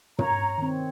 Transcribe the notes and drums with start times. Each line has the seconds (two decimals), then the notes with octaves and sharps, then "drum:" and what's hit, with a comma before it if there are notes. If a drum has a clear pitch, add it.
0.19 C#5 A#5, drum: tom
0.58 D#3 C4